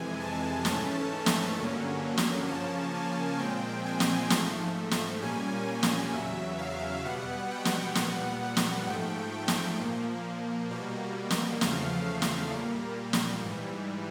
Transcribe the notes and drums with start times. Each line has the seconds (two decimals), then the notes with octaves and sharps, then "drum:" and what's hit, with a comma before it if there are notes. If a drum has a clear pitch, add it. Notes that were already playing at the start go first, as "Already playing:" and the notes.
Already playing: F2 C3 E3 G#3 G#5
0.20 A5
0.65 G#2 E3 A3 C#4 A5, drum: snare
1.26 drum: snare
1.56 G2 D3 F#3 A#3 C#4
2.18 drum: snare
2.48 C#3 F3 A#3 C#4 A5
2.94 G#5
3.39 A#2 F3 G#3 C4 G5
3.85 G#5
4.00 drum: snare
4.30 G#2 F3 A3, drum: snare
4.91 drum: snare
5.22 A#2 G3 A#3 C#4 G#5
5.67 G#5
5.83 drum: snare
6.13 E2 C#3 F#3 E5
6.58 F5
7.04 B2 G3 B3 F#5
7.50 G5
7.65 drum: snare
7.95 A#2 G3 B3 F#5, drum: snare
8.42 F#5
8.57 drum: snare
8.86 G#2 F3 A3 G5
9.48 drum: snare
9.78 A#2 F3 A#3
10.70 B2 G3 A#3
11.30 drum: snare
11.61 E2 C#3 F3 A3 F5, drum: snare
12.22 drum: snare
12.52 A#2 G3 A#3
13.13 drum: snare
13.43 G#2 E3 G3